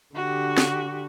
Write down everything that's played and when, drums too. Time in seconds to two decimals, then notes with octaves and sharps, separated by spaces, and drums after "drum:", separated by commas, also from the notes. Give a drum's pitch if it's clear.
0.15 D3 F#4 G4
0.58 drum: snare